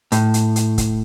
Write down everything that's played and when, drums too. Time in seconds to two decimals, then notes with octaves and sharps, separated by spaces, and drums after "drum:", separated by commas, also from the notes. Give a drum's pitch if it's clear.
0.12 A2, drum: hi-hat
0.34 drum: hi-hat
0.56 drum: hi-hat
0.78 drum: kick C#1, hi-hat